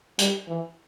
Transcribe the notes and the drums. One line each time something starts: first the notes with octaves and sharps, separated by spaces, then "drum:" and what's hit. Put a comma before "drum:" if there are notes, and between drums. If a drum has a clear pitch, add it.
G3, drum: hi-hat
E3